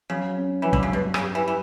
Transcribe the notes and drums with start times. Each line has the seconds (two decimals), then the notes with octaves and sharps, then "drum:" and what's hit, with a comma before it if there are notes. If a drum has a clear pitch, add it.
0.10 C#3 F#3
0.38 C#4
0.62 E3 F#3
0.73 D3, drum: kick
0.83 C#3
0.93 G2 B2
1.14 C#3, drum: rim click
1.21 G4
1.35 E3
1.48 E3